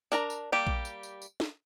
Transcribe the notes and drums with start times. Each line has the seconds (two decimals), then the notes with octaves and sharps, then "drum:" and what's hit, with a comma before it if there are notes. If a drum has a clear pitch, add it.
0.12 D4 A#4 A#5, drum: tambourine
0.30 drum: tambourine
0.52 G3 A#3 G4
0.67 drum: kick A#1
0.85 drum: tambourine
1.03 drum: tambourine
1.22 drum: tambourine
1.40 drum: snare